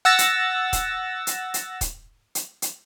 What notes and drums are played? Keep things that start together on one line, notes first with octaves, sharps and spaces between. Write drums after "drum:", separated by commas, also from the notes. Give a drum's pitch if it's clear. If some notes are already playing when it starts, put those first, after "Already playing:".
F#5 E6 A6 A#6
drum: hi-hat
drum: kick, hi-hat
drum: hi-hat
drum: hi-hat
drum: kick, hi-hat
drum: hi-hat
drum: hi-hat